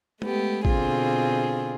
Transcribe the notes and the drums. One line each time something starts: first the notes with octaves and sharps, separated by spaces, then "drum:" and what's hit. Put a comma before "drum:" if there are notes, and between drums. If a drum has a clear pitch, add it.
G#3 A3 B3 G4, drum: tom
B2 D3 C4 F4 G#4, drum: kick